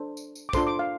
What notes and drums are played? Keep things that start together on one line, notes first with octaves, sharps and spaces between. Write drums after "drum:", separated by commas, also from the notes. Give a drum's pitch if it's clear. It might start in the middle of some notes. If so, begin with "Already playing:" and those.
Already playing: D4 A4 C5
drum: tambourine
drum: tambourine
D6
D4 F4 A4 C5 C6, drum: kick, tambourine
D6
F5